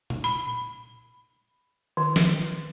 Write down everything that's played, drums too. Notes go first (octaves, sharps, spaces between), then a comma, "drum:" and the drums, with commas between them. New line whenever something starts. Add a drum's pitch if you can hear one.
drum: tom A#2
B5
D#3
drum: snare